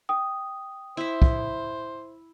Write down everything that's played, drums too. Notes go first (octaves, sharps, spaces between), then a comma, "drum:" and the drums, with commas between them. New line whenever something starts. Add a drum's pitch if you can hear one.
G5 D#6
E4 C5 E5
drum: kick